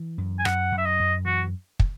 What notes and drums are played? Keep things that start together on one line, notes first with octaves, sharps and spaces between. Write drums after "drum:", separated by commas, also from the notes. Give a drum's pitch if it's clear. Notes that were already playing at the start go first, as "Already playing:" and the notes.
Already playing: E3
F#2
G#5
F#2 F#5, drum: rim click
F#2
E5
D#5
F#2
E3 F#4
drum: kick